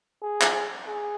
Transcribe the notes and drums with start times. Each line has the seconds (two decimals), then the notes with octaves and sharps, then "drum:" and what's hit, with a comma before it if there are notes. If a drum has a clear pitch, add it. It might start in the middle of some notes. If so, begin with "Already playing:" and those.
0.22 G#4
0.41 drum: clap
0.87 G#4